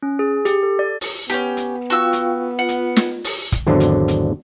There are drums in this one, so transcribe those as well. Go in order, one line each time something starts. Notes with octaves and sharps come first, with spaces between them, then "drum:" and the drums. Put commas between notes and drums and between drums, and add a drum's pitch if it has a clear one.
C#4
G#4
G4, drum: hi-hat
A4
D5
drum: open hi-hat
B3 C#4 G4, drum: hi-hat
drum: hi-hat
F4 F#4 F5 G5 C#6 E6
drum: hi-hat
F4 F#5
drum: hi-hat
drum: snare
drum: open hi-hat
drum: kick, hi-hat
G#1 E2 D3 F#3 D4 C5
drum: hi-hat
drum: hi-hat